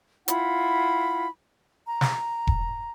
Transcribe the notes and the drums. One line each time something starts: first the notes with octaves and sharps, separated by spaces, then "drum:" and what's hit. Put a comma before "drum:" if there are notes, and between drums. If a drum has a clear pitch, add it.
E4 F4 F#5 B5, drum: hi-hat
A#5
drum: snare
drum: kick E1